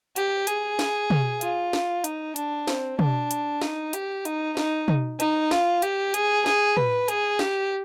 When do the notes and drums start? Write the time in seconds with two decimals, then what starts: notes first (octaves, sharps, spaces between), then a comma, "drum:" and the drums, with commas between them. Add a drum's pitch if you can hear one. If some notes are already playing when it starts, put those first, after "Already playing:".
0.16 G4, drum: hi-hat
0.47 G#4, drum: hi-hat
0.79 drum: snare
1.10 drum: tom
1.41 F4, drum: hi-hat
1.73 drum: snare
2.04 D#4, drum: hi-hat
2.36 D4, drum: hi-hat
2.67 C4, drum: snare
2.99 D4, drum: tom
3.31 drum: hi-hat
3.62 D#4, drum: snare
3.93 G4, drum: hi-hat
4.25 D#4, drum: hi-hat
4.57 D#4, drum: snare
4.88 drum: tom
5.20 D#4, drum: hi-hat
5.51 F4, drum: snare
5.82 G4, drum: hi-hat
6.14 G#4, drum: hi-hat
6.46 G#4, drum: snare
6.77 B4, drum: tom
7.08 G#4, drum: hi-hat
7.39 G4, drum: snare